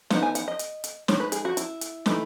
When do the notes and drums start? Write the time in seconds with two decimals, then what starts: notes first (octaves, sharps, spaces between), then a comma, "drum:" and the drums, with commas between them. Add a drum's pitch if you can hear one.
0.10 E3 B3 D#4 F#5, drum: snare
0.23 G#5
0.35 F#5, drum: hi-hat
0.48 D#5
0.59 drum: hi-hat
0.84 drum: hi-hat
1.08 G#3 D#4 C#5, drum: snare
1.20 B4
1.32 G#4, drum: hi-hat
1.45 F#4
1.57 E4, drum: hi-hat
1.81 drum: hi-hat
2.06 E3 A3 D#4, drum: snare